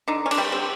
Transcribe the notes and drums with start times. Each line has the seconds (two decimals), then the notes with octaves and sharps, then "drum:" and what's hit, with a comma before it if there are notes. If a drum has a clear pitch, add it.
0.08 D3 D#4
0.26 C#4
0.31 D4, drum: cymbal
0.38 G3
0.52 C4